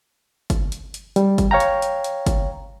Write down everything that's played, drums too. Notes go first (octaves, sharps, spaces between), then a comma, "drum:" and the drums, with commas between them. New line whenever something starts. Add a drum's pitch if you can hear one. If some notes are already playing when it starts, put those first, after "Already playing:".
drum: kick G1, hi-hat
drum: hi-hat
drum: hi-hat
G3, drum: hi-hat
drum: kick G1, hi-hat
C#5 F5 G5 A#5
drum: hi-hat
drum: hi-hat
drum: hi-hat
drum: kick G1, hi-hat